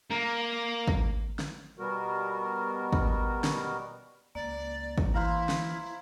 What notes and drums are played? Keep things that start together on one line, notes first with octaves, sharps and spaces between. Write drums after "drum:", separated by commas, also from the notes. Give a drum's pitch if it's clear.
A#3
drum: kick
drum: snare
B2 G3 B3 F#4 A#4
drum: kick
drum: snare
C#2 A#3 D5
drum: kick
E3 E4 C5 F5 A#5
drum: snare